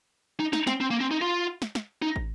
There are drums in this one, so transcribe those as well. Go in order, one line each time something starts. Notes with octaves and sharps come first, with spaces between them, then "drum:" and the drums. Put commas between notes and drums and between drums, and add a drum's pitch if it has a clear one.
D#4
D#4, drum: snare
C4, drum: snare
C4
A#3
C4
D#4
F4
drum: snare
drum: snare
D#4
drum: kick